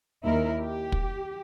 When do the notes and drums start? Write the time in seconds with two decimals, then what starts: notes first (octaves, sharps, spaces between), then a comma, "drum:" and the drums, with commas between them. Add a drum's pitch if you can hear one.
0.24 D#2 E4 A#4
0.61 G4
0.92 drum: kick